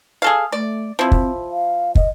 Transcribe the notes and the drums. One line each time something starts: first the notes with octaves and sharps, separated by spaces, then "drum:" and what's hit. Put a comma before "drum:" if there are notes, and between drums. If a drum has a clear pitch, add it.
G#4 A4 F5
A3 D5
F3 C4 E4
drum: kick
F5
D#5, drum: kick